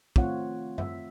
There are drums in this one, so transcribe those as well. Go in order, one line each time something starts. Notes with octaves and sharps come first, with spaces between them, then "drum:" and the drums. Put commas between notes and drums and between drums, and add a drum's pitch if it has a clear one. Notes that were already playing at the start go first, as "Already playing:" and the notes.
D#3 A3 C4 F4 C#5 F#5, drum: kick
E5, drum: tom F#2